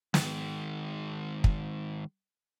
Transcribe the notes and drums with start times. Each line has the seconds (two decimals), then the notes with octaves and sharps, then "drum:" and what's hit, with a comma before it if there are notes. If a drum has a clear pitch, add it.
0.14 D#3 G#3, drum: snare
1.44 drum: kick